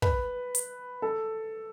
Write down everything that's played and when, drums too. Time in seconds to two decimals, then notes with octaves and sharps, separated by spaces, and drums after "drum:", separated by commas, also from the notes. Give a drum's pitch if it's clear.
0.02 B4, drum: kick
0.55 drum: hi-hat
1.02 A4